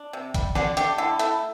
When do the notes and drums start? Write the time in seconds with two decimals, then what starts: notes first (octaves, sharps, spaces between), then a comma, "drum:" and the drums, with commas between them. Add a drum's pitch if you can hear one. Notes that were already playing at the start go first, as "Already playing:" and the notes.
Already playing: D4
0.13 C3
0.34 G3, drum: kick, hi-hat
0.55 D3 D4, drum: snare
0.77 A3 D4 G4, drum: hi-hat
0.98 D3 E4 A4
1.19 A3 E4 A4, drum: hi-hat